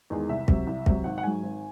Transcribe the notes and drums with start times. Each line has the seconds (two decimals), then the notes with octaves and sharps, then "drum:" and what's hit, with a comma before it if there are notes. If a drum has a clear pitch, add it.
0.10 E2 D#3 G#3
0.29 C2 E5
0.48 C3 F#3, drum: kick
0.67 C2
0.86 C3 F#3, drum: kick
1.04 G#1 F#5
1.18 F#5
1.23 G#2 F#3 G#5
1.43 G#1